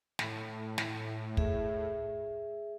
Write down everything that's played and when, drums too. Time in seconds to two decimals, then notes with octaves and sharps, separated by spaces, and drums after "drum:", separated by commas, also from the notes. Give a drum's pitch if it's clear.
0.19 A2, drum: snare
0.78 drum: snare
1.37 G#4 E5, drum: kick